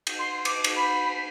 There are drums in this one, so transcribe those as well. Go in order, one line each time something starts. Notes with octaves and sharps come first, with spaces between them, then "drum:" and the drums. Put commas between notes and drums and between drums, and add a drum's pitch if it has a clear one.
drum: cymbal
C6
D6, drum: cymbal
drum: cymbal
B5
B6